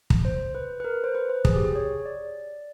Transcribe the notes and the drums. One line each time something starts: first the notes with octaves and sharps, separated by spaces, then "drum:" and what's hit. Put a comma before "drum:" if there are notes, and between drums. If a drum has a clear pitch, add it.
drum: kick
C5
B4
B4
A#4
C5
B4
C5
G#4, drum: kick
G4
G#4
C#5
D5